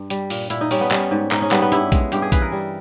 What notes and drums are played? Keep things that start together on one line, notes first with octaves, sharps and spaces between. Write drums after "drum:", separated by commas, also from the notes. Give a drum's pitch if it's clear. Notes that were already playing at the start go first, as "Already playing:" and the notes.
Already playing: G2
G3, drum: hi-hat
A#2, drum: open hi-hat
A#2 E4, drum: hi-hat
D#4
G3 C#4, drum: open hi-hat
B3
G3 C#4, drum: clap
G#2
G#2 D#4, drum: clap
C#4
G3 B3, drum: clap
B3
G2 E4, drum: hi-hat
G#3, drum: kick A#1, hi-hat
G2 G4, drum: hi-hat
G#4
E3 B4, drum: kick A#1, hi-hat
A#4
G3